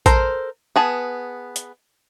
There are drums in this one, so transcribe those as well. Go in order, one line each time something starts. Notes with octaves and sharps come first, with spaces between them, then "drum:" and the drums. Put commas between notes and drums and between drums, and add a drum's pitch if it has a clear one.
A4 A#4 C5, drum: kick A1, hi-hat
B3 G#4 A5
drum: hi-hat